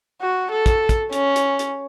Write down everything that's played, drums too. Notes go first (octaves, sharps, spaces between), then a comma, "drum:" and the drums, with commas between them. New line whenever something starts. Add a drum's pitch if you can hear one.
F#4
A4
drum: kick, hi-hat
drum: kick, hi-hat
C#4, drum: hi-hat
drum: hi-hat
drum: hi-hat